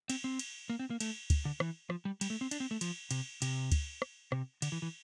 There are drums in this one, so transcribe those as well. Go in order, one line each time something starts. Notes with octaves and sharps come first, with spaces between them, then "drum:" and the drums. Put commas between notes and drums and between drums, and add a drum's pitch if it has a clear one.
C4, drum: cymbal
C4
drum: cymbal
A#3
C4
A#3
A3, drum: cymbal
drum: kick, cymbal
D3
E3, drum: rim click
F3, drum: rim click
G3
G3, drum: cymbal
A3
C4
D4, drum: cymbal
C4
A3
F3, drum: cymbal
C3, drum: cymbal
C3, drum: cymbal
drum: kick, cymbal
drum: rim click
C3, drum: rim click
D3, drum: cymbal
E3
E3